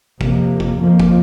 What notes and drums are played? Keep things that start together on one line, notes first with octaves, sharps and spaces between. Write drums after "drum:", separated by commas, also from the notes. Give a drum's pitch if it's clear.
F2 C3 A#3, drum: kick
drum: kick
F2 F3 A#3
drum: kick